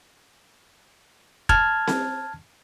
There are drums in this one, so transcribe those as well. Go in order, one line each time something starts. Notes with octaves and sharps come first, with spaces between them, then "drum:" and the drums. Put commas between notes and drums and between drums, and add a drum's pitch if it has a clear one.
A5 F6 G#6, drum: kick
drum: snare C4